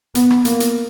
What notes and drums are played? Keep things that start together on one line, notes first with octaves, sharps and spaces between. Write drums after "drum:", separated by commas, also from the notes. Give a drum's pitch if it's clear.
B3, drum: hi-hat
drum: rim click
A#3, drum: hi-hat
drum: hi-hat